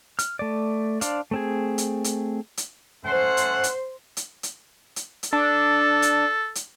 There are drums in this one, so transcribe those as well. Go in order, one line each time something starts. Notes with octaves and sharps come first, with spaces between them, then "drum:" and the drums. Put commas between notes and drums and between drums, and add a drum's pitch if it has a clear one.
F6, drum: hi-hat
A3 D5
D4 C5 D5 F5, drum: hi-hat
A3 C4 G#4
drum: hi-hat
drum: hi-hat
drum: hi-hat
A3 C#4 C5 F#5
drum: hi-hat
drum: hi-hat
drum: hi-hat
drum: hi-hat
drum: hi-hat
drum: hi-hat
D4 A4
drum: hi-hat
drum: hi-hat